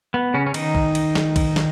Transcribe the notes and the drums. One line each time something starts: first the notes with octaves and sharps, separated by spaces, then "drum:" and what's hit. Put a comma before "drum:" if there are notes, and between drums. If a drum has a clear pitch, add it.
B3
C#3 C#4
C#4
D#3 D#4, drum: cymbal
drum: kick B1
drum: cymbal
drum: snare
drum: kick B1, cymbal
drum: snare